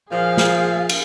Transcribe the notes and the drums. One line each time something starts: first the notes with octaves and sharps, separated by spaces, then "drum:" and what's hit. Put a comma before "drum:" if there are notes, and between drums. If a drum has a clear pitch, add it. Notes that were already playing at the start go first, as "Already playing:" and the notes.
A#2 F3 G#4 F5
drum: snare
drum: cymbal